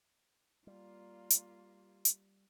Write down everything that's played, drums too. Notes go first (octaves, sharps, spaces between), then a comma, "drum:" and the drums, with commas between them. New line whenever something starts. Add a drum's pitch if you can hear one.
G3 A#3 F4
drum: hi-hat
drum: hi-hat